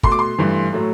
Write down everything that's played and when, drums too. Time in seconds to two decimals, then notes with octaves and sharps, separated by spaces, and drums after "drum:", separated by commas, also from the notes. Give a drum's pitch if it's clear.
0.03 B2 A3 C6, drum: kick
0.12 D6
0.19 C6
0.38 G2 E3 A3
0.73 A2 F#3 A3